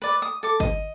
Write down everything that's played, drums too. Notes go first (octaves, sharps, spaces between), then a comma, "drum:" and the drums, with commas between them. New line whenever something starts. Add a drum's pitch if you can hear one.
B4 D5
D#6
A4 D6
D#5, drum: kick